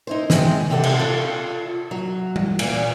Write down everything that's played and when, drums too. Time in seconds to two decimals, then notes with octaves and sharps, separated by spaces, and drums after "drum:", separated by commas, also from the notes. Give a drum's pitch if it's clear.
0.07 D#4 E4 C5
0.30 D#3 G#3 C4, drum: snare
0.70 C3 C4 G4 A4 F#5
0.83 drum: cymbal
0.99 F4 A4
1.91 F#3
2.36 drum: tom G3
2.59 E2 A#2, drum: cymbal